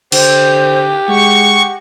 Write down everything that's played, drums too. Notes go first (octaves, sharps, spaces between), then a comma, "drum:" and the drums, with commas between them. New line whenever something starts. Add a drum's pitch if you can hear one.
D3 G4 C5, drum: cymbal
G#3 F#5 C#6